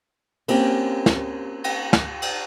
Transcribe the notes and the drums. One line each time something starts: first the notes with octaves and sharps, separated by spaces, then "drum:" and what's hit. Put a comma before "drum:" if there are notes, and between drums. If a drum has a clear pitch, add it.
A#3 C4 C#4 G4, drum: cymbal
drum: snare
drum: cymbal
drum: snare
drum: cymbal